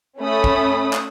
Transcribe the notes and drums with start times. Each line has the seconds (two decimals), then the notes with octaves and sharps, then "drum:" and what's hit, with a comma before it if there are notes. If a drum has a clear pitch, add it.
0.20 A3 C#4 A4 B5 D#6
0.44 drum: kick B1
0.93 drum: clap